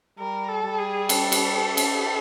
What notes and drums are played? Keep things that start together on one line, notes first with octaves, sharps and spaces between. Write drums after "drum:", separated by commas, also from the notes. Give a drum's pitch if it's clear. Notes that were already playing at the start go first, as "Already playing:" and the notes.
G3 A#4
A4
G3
G#4
A4, drum: cymbal
drum: cymbal
drum: cymbal